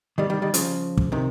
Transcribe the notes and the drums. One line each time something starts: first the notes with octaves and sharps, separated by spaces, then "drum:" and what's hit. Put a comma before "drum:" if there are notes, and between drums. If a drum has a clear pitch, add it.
D#3 G3
D#3 G3
D#3 G3
C#3 F3, drum: hi-hat
drum: kick
C3 D#3